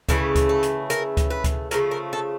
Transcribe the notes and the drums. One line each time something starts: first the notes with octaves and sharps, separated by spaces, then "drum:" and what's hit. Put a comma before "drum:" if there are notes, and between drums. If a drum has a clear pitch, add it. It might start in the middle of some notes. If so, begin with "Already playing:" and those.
C#3 E3 A3, drum: kick C#2, hi-hat
drum: kick C#2, hi-hat
A4
drum: hi-hat
A#4, drum: hi-hat
drum: kick C#2, hi-hat
B4
drum: kick C#2, hi-hat
C#3 F3 A3 A#4, drum: hi-hat
A#4
A4